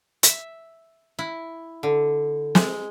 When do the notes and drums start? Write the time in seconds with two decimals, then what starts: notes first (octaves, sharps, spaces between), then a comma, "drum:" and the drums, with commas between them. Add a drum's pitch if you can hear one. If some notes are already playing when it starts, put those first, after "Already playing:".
0.23 E5, drum: hi-hat
1.19 E4
1.83 D3
2.55 G#3, drum: snare